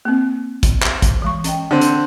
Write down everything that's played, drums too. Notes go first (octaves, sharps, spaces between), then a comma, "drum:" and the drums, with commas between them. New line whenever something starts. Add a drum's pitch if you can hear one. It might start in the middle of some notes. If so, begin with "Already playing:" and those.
A#3 C4
drum: kick, hi-hat
drum: clap
drum: kick, hi-hat
E3 G#3 C#6
C#4 D#5 G5, drum: hi-hat
D3 C4
drum: hi-hat